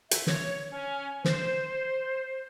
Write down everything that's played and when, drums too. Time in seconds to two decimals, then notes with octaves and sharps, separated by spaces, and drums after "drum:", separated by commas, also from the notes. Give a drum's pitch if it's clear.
0.11 E5, drum: hi-hat
0.27 C#5, drum: snare
0.71 C#4
1.25 C5, drum: snare